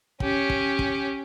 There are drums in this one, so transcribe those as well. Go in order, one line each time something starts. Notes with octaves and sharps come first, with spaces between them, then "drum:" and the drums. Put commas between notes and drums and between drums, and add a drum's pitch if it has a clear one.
C#4 G4, drum: kick
drum: kick
drum: kick